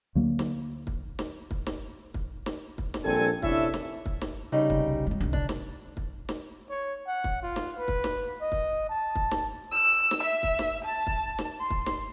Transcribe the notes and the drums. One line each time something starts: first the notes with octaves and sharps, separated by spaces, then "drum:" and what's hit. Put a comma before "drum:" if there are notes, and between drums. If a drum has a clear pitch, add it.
D2 F#3 A#3
drum: snare
drum: kick
drum: snare
drum: kick
drum: snare
drum: kick
drum: snare
drum: kick
drum: snare
A#1 G3 C4 A4 G#5
C3 C#4 D4 E4 A4 E5, drum: kick
drum: snare
drum: kick
drum: snare
C#3 G3 D#4
C2, drum: kick
G3 E4
C2 D3
D4, drum: kick
drum: snare
drum: kick
drum: snare
C#5
F#5
drum: kick
F4
drum: snare
B4
drum: kick
drum: snare
D#5
drum: kick
A5
drum: kick
drum: snare
E6
drum: snare
E5
drum: kick
drum: snare
A5
drum: kick
drum: snare
C6
drum: kick
drum: snare